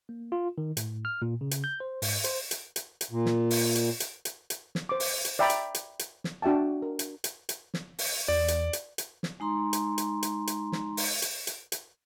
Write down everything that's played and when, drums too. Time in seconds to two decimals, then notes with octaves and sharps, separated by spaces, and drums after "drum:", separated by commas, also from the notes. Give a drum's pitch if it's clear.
0.09 A#3
0.32 F4
0.58 D#3
0.77 A2, drum: hi-hat
1.05 F6
1.22 A#2
1.41 C#3
1.51 drum: hi-hat
1.64 G6
1.80 C5
2.02 G#2, drum: open hi-hat
2.24 C5, drum: hi-hat
2.51 drum: hi-hat
2.76 drum: hi-hat
3.01 drum: hi-hat
3.11 A#2
3.26 drum: snare
3.50 drum: open hi-hat
3.75 drum: hi-hat
4.00 drum: hi-hat
4.25 drum: hi-hat
4.50 drum: hi-hat
4.75 drum: snare
4.89 C5 D6
5.00 drum: open hi-hat
5.25 drum: hi-hat
5.39 D5 E5 G5 A#5 B5
5.50 drum: hi-hat
5.75 drum: hi-hat
5.99 drum: hi-hat
6.24 drum: snare
6.42 D4 F#4 E5 G5 A5
6.82 A#4
6.99 drum: hi-hat
7.24 drum: hi-hat
7.49 drum: hi-hat
7.74 drum: snare
7.99 drum: open hi-hat
8.28 E2 D5
8.48 drum: hi-hat
8.73 drum: hi-hat
8.98 drum: hi-hat
9.23 drum: snare
9.40 G#3 D#4 A#5 C6
9.73 drum: hi-hat
9.98 drum: hi-hat
10.23 drum: hi-hat
10.47 drum: hi-hat
10.72 drum: snare
10.97 drum: open hi-hat
11.22 drum: hi-hat
11.47 drum: hi-hat
11.72 drum: hi-hat